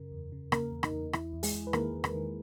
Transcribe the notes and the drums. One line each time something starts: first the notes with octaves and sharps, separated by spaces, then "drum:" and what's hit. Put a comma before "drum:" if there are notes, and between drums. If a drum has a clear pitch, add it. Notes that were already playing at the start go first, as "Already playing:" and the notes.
Already playing: F#2 C#3 A#4
E2
C#3
C#3 A#3 A#4, drum: rim click
E2
D#4, drum: rim click
E2
E2 E4, drum: rim click
E2
G#3 G#4, drum: open hi-hat
E2
B4
D#3 A#3 A#4, drum: rim click
E2
drum: rim click
D#3